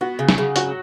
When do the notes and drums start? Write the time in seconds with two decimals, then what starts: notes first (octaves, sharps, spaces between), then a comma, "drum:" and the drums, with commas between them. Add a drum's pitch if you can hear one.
0.01 B3 F#4
0.19 C#3
0.29 drum: snare
0.38 C#3
0.56 F#3 F#4, drum: hi-hat